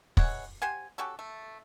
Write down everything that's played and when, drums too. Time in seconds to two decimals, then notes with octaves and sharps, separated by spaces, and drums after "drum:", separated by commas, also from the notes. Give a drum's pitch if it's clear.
0.17 E3 G#3 C#5 F#5, drum: kick
0.62 G4 C5 F#5 G#5
0.98 C#4 F#4 G4 A4
1.19 A3